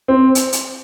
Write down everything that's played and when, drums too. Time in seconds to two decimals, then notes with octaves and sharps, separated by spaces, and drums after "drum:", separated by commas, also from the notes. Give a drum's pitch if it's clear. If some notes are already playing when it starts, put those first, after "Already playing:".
0.08 C4
0.35 drum: hi-hat
0.52 drum: hi-hat